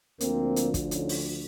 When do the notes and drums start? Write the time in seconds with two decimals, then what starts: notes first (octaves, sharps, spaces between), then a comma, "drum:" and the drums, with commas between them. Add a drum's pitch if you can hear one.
0.20 D2 D3 F3 A#3 C4, drum: hi-hat
0.56 drum: hi-hat
0.74 drum: kick, hi-hat
0.91 C#4 D#4, drum: hi-hat
1.09 drum: open hi-hat